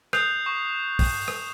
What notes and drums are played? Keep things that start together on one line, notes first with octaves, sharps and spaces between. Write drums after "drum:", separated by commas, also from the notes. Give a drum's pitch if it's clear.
D#6 F#6 G6 C7 F7, drum: rim click
C#6
drum: kick, open hi-hat
drum: rim click